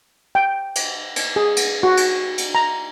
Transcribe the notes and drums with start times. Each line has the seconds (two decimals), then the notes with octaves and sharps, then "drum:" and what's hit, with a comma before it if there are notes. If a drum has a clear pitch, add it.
0.35 G5
0.75 drum: cymbal
1.16 drum: cymbal
1.36 G#4
1.57 drum: cymbal
1.83 F#4
1.97 drum: cymbal
2.38 drum: cymbal
2.55 A#5